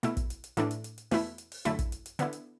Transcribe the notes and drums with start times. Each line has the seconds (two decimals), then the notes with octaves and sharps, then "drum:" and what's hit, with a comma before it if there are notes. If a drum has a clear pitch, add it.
0.03 B2 A3 E4, drum: hi-hat
0.17 drum: kick, hi-hat
0.30 drum: hi-hat
0.44 drum: hi-hat
0.57 A2 E3 A3 D4, drum: hi-hat
0.71 drum: hi-hat
0.84 drum: hi-hat
0.98 drum: hi-hat
1.11 E2 B2 A3 E4, drum: open hi-hat
1.38 drum: hi-hat
1.52 drum: open hi-hat
1.65 F#2 D3 A3 E4, drum: hi-hat
1.79 drum: kick, hi-hat
1.92 drum: hi-hat
2.06 drum: hi-hat
2.19 D3 B3 E4, drum: hi-hat
2.33 drum: hi-hat